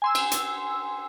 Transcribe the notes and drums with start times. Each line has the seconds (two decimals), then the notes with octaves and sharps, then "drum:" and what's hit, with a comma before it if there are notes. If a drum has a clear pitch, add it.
0.02 G#5 C6 E6
0.15 drum: cymbal
0.31 drum: hi-hat